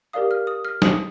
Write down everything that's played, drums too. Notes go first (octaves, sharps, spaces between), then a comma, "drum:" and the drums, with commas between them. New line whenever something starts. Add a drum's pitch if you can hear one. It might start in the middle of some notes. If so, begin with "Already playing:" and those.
G4 A#4 D5 F5 D#6
F6
D#6
F6
D#6, drum: snare